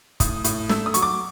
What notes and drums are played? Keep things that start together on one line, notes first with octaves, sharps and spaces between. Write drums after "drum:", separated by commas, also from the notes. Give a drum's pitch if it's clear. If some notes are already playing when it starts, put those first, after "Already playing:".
A2 D#6, drum: kick, hi-hat
A2, drum: hi-hat
A3 E6, drum: snare
D#6
F#3 C#6, drum: hi-hat
D6